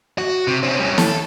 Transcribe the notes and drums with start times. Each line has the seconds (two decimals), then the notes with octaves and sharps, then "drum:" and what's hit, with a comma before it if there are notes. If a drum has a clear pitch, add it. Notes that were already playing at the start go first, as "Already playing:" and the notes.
0.18 F#4
0.47 C3
0.63 C4 C#4
0.79 G3 C#4
0.98 A4, drum: snare